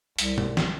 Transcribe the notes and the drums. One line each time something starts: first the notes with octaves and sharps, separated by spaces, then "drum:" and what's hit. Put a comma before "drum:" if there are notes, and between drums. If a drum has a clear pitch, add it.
C2, drum: hi-hat
drum: tom B2
drum: snare